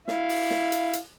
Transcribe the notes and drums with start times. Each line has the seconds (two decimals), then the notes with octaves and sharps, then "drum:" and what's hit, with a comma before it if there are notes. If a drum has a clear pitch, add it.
0.08 E4 F5, drum: snare
0.29 drum: open hi-hat
0.51 drum: snare
0.72 drum: hi-hat
0.93 drum: hi-hat